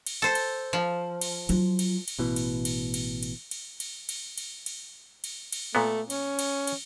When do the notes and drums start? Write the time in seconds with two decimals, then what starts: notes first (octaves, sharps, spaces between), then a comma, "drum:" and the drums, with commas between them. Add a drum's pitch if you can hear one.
0.07 drum: cymbal
0.22 A4 C5
0.35 drum: cymbal
0.73 F3
1.21 drum: cymbal
1.49 F#3 F4, drum: cymbal
1.79 drum: cymbal
2.08 drum: cymbal
2.19 A1 B2 E3
2.36 drum: cymbal
2.65 drum: cymbal
2.94 drum: cymbal
3.23 drum: cymbal
3.51 drum: cymbal
3.80 drum: cymbal
4.09 drum: cymbal
4.38 drum: cymbal
4.66 drum: cymbal
5.24 drum: cymbal
5.52 drum: cymbal
5.75 A#2 A3 B3
6.10 C#4, drum: cymbal
6.39 drum: cymbal
6.67 drum: cymbal